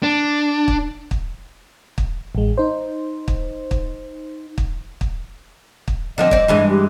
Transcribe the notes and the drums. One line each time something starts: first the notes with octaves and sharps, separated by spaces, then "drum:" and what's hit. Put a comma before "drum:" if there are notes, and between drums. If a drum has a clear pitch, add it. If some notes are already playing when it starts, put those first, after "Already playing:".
D4
drum: kick
drum: kick
drum: kick
A1 G#3
D#4 C5
drum: kick
drum: kick
drum: kick
drum: kick
drum: kick
D3 F3 C4 D#5
C4 D5, drum: kick
G2 E3 G#3
G4